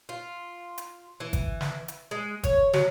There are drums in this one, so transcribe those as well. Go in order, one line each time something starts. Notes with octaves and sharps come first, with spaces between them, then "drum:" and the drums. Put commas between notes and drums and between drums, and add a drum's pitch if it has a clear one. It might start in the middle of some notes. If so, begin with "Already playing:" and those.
F4
drum: hi-hat
E3
drum: kick, hi-hat
drum: snare
drum: hi-hat
G#3
C#5, drum: kick, hi-hat
F#3, drum: snare